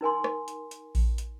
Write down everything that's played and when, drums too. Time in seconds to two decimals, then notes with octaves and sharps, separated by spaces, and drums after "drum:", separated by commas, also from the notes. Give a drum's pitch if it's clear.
0.01 D#4 A#4 G#5 C6
0.24 drum: rim click
0.48 drum: hi-hat
0.71 drum: hi-hat
0.95 drum: kick A#1, open hi-hat
1.18 drum: hi-hat